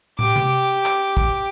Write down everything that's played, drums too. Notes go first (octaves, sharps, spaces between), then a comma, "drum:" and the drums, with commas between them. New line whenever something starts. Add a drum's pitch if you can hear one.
G4 D6, drum: tom
drum: tom C3
drum: clap
drum: kick